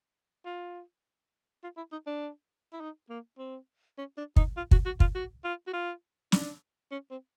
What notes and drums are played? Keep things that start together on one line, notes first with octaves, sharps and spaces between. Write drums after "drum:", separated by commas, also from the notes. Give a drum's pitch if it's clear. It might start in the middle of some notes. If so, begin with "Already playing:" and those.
F4
F4
E4
D#4
D4
E4
D#4
A#3
C4
C#4
D4
D#4, drum: kick
F4
F#4, drum: kick
F#4
F4, drum: kick
F#4
F4
F#4
F4
D4, drum: snare
C#4
C4